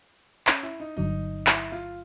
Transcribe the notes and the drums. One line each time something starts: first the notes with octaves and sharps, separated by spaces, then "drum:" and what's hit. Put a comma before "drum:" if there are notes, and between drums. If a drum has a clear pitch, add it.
C#4, drum: clap
E4
D#4
G1 G2 D3 F#3 D#4
E4, drum: clap
F4